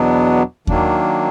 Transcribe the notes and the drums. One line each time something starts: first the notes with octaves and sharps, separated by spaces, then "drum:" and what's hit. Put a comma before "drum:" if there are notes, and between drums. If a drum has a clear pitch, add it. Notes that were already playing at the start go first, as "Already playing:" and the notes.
Already playing: E2 B2 F#3 B3 D4
D#3 F#3 A#3 D4, drum: kick D#2